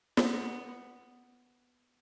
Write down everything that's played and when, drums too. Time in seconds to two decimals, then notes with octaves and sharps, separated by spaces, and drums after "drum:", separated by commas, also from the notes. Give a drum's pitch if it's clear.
0.17 B3, drum: snare